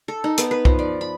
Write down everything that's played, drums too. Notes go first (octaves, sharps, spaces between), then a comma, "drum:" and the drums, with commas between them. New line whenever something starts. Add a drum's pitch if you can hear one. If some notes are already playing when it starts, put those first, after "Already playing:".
A4
D#4
B3, drum: hi-hat
B4
F3, drum: kick C2
D5
B5